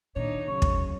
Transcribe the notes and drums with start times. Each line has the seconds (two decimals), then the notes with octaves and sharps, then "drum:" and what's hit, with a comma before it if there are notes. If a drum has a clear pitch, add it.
0.16 A#2 D#3 D4 D#4 C#5
0.47 C#3 F#3 C#6
0.62 drum: kick